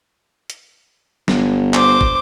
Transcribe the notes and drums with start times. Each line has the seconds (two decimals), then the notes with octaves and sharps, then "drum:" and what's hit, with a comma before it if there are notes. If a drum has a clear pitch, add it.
0.50 drum: hi-hat
1.28 G1, drum: snare
1.74 C5 D6, drum: clap
2.01 drum: kick